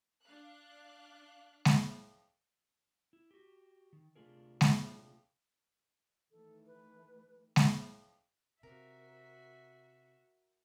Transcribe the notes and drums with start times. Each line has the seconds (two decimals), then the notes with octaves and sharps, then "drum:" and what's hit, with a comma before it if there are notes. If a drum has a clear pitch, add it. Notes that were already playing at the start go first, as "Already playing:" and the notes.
0.24 D4 F5 F#6
1.65 drum: snare G#3
3.13 E4
3.31 F#4 G4
3.93 D#3
4.15 C3 A3 D4 F4 G#4 A#4
4.61 drum: snare G#3
6.32 D#3 E3 A3 A4
6.67 B4
7.56 drum: snare G#3
8.63 C3 C4 F#4 A#4 E5